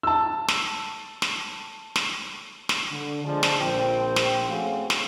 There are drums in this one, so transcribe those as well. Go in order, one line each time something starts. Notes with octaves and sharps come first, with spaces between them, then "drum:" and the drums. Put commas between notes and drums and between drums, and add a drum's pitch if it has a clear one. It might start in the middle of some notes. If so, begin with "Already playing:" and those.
A5 E6
drum: snare
drum: snare
drum: snare
drum: snare
D3
D3 F3 G#3 D5 A5
drum: snare
A#1 C4 C5 G5
drum: snare
A3 C4 C#4 F#4 G#4 F5
drum: snare